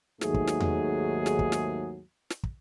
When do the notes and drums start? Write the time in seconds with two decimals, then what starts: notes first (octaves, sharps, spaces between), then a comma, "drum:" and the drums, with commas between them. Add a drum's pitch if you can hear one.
0.21 D#2 G#2 F#3 A3 G#4, drum: snare
0.34 drum: kick
0.47 drum: snare
0.60 drum: tom E2
1.26 drum: snare
1.39 drum: kick
1.52 drum: snare
2.30 drum: snare
2.43 drum: kick